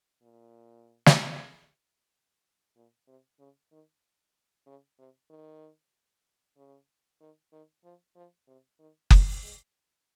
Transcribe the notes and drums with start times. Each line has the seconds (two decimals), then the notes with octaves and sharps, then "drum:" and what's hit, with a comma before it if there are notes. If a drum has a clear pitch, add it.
0.22 A#2
1.06 drum: snare
2.76 A#2
3.08 C3
3.39 C#3
3.72 D#3
4.67 C#3
4.98 C3
5.30 D#3
6.57 C#3
7.21 D#3
7.52 D#3
7.84 F3
8.16 F3
8.48 C3
8.80 D#3
9.11 G3, drum: kick F#1
9.43 G#3